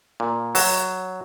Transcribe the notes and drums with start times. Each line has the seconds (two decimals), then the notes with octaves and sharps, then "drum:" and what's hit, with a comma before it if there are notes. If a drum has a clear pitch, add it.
0.20 A#2
0.55 F#3, drum: open hi-hat